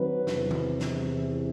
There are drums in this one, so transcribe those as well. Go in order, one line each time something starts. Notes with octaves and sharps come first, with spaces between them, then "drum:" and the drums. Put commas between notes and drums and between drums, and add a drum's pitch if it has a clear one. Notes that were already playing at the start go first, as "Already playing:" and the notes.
Already playing: D#3 F#3 C4 B4
E2 C3 E3, drum: snare
drum: tom D#3
drum: snare